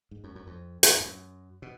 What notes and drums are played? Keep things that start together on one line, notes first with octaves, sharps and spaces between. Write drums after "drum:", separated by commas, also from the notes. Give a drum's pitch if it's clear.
G#2
F#2
F#2
F2
F#2, drum: hi-hat
F#2
B2